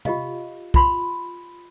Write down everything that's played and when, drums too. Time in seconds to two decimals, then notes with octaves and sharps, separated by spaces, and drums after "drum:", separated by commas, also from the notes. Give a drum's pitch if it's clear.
0.05 F4 G4 D#5 F5, drum: tom C3
0.74 F4 B5 C6, drum: kick